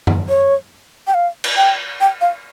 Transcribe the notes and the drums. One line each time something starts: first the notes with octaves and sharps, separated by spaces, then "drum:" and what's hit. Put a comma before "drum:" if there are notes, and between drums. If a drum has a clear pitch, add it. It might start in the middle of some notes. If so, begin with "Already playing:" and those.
drum: tom F#2
C#5
G5
F5
drum: cymbal
G5
G5
F5